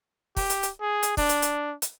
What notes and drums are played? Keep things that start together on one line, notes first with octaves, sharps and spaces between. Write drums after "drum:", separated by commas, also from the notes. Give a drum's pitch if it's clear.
G4, drum: kick, open hi-hat
drum: hi-hat
drum: hi-hat
G#4
drum: hi-hat
D4, drum: kick, open hi-hat
drum: hi-hat
drum: hi-hat
drum: hi-hat